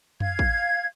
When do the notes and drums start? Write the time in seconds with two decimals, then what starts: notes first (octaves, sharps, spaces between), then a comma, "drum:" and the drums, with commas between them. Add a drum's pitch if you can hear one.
0.20 F5 G#6, drum: tom F#2
0.39 drum: kick